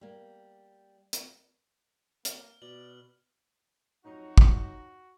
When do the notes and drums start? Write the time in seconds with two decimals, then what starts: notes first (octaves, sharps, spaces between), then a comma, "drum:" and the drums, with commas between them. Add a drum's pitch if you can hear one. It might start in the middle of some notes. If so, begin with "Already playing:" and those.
0.01 G3 A#3
1.13 drum: hi-hat
2.25 A#3 F6, drum: hi-hat
2.62 B2 D5 F#7
4.05 F2 F#3 D#4 F#4 C#5
4.38 drum: kick